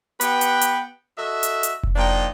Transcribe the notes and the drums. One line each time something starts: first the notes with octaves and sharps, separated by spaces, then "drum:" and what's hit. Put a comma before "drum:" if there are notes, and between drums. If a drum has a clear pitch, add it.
B3 G4 B4 F#5 G5, drum: hi-hat
drum: hi-hat
drum: hi-hat
F#4 A4 D#5 E5
drum: hi-hat
drum: hi-hat
drum: kick F1
A#2 F3 D4 D#4 G5